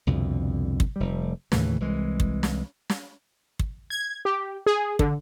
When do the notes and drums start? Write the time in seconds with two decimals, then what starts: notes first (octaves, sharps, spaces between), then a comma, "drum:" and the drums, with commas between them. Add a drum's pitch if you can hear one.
0.07 C2 F2 B2 D3
0.80 drum: kick
0.96 F1 G3
1.52 D#2 A2 C#3 E3, drum: snare
1.80 C2 E3 G#3
2.20 drum: kick
2.43 drum: snare
2.90 drum: snare
3.59 drum: kick
3.90 G#6
4.25 G4
4.66 G#4
4.99 D3, drum: kick